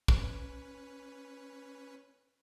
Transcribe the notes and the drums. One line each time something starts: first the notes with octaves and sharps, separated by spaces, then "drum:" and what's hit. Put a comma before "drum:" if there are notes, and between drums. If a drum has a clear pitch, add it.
C#4 B4, drum: kick